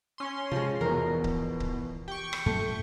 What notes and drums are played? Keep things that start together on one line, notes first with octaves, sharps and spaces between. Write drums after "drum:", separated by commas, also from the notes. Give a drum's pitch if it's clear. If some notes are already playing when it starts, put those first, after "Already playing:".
C#4 C6
C3 F3 G#3
E2 B2 E3 F3 A#4
drum: kick C#1
drum: kick C#1
G4 G5 C#6
drum: rim click
F#2 A#2 A3